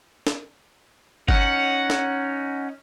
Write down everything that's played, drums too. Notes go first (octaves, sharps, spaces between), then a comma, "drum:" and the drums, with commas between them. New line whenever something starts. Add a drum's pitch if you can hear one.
drum: snare
C#4 D#4 F#5, drum: kick G1
drum: snare